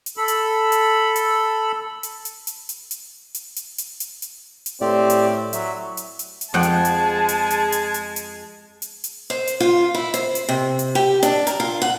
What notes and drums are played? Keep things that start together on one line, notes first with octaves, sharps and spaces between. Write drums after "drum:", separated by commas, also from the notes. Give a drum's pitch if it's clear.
drum: hi-hat
A4 B5
drum: hi-hat
drum: hi-hat
drum: hi-hat
drum: hi-hat
drum: hi-hat
drum: hi-hat
drum: hi-hat
drum: hi-hat
drum: hi-hat
drum: hi-hat
drum: hi-hat
drum: hi-hat
drum: hi-hat
drum: hi-hat
A2 C4 G4 D5
drum: hi-hat
F#3 E5, drum: hi-hat
drum: hi-hat
drum: hi-hat
drum: hi-hat
F2 G#3 G#4 F#5 G5 A5
drum: hi-hat
drum: hi-hat
drum: hi-hat
drum: hi-hat
drum: hi-hat
drum: hi-hat
drum: hi-hat
drum: hi-hat
drum: hi-hat
C5
drum: hi-hat
F4
E4
C5, drum: hi-hat
drum: hi-hat
C3
drum: hi-hat
G4
D4, drum: hi-hat
A#4, drum: hi-hat
F4
F#5